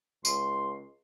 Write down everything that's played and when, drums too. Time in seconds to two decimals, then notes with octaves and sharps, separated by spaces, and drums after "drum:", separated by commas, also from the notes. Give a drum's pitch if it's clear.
0.25 C#2 C6, drum: tambourine